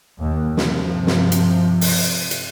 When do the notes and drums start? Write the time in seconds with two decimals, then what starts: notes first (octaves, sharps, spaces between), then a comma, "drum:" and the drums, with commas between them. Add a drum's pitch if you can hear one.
0.20 D#2
0.57 G2 C3 F3, drum: snare
1.07 drum: snare
1.32 drum: hi-hat
1.81 drum: open hi-hat
2.31 drum: hi-hat